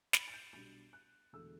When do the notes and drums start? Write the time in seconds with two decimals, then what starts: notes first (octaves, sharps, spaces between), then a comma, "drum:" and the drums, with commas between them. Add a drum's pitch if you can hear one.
0.13 B5, drum: snare
0.28 A6
0.34 G6
0.53 B1 B2 G3 D4 A6
0.93 F#6
1.33 E1 E2 D3 A3 E6